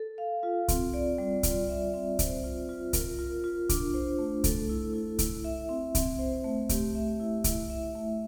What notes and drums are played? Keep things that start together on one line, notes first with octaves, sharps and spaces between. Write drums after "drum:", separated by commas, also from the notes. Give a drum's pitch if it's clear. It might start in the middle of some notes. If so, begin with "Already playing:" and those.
Already playing: A4
F5
F4
C4, drum: kick C2, hi-hat
D5
G3
F4, drum: kick C2, hi-hat
E5
C4
C5, drum: kick C2, hi-hat
F4
F4
A#4, drum: kick C2, hi-hat
F4
F4
D4, drum: kick C2, hi-hat
C5
A3
A4, drum: kick C2, hi-hat
E4
E4
E4, drum: kick C2, hi-hat
E5
C4
C4, drum: kick C2, hi-hat
C5
A3
G4, drum: kick C2, hi-hat
E5
E4
E4, drum: kick C2, hi-hat
E5
A3